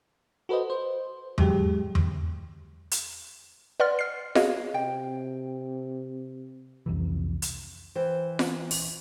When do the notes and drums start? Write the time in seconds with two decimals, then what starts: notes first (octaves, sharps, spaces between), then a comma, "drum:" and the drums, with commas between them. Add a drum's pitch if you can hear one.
0.49 F#4 A4 B4 C5 D#5
0.70 C5
1.38 G#2 F#3 G#3 G4, drum: tom E2
1.95 drum: tom E2
2.91 drum: hi-hat
3.80 B4 D5 F#5 C6 F6 A6
3.99 F6 C7
4.35 F4 F#4 G#4 C#5 D#5 F5, drum: snare F4
4.74 C3 G5
6.86 C2 F2 C3 E3
7.42 drum: hi-hat
7.95 E3 C5 G5
8.39 drum: snare F4
8.71 drum: open hi-hat